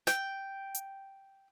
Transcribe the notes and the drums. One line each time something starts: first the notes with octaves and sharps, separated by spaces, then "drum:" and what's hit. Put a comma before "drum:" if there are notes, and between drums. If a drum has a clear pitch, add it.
G5, drum: snare
drum: hi-hat